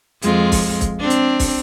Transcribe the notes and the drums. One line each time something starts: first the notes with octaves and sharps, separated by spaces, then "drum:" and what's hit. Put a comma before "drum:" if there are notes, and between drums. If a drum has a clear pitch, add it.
F2 G#3 F4, drum: hi-hat
drum: kick, open hi-hat
drum: kick, hi-hat
C4 D4
drum: hi-hat
drum: kick, open hi-hat